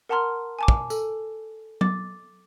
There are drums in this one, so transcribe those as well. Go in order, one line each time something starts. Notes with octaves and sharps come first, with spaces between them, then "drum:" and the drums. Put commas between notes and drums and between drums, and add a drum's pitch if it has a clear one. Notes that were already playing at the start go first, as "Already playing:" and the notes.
A#4 F#5 A5 A#5 C6 F6
G#5 A5 D6
drum: kick
A4, drum: tambourine
D6 A6, drum: tom F#3